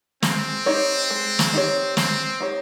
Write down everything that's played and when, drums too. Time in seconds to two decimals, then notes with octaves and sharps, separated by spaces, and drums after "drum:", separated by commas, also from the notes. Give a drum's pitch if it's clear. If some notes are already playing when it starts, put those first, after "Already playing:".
0.23 G#3 C4, drum: snare
0.66 D#4 G4 C#5
1.10 G#3
1.39 drum: snare
1.54 D#4 G4 C#5
1.97 G#3 C4, drum: snare
2.40 D#4 G4 C#5